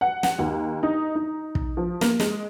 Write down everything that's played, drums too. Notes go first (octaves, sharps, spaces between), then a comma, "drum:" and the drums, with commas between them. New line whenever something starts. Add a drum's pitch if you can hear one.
F#5
F#5, drum: snare
D#2
D#4
D#4
drum: kick
F3
A#3, drum: snare
G#3, drum: snare